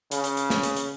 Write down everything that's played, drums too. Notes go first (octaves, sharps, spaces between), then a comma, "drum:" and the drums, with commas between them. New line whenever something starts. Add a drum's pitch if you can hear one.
C#3, drum: hi-hat
drum: hi-hat
drum: hi-hat
drum: snare
drum: hi-hat
drum: hi-hat